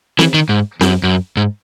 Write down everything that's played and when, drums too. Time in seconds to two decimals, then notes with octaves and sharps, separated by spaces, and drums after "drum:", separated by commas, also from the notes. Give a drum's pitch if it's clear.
0.19 E3, drum: snare C4
0.34 D#3
0.49 G#2
0.81 F#2, drum: snare C4
1.03 F#2
1.37 G#2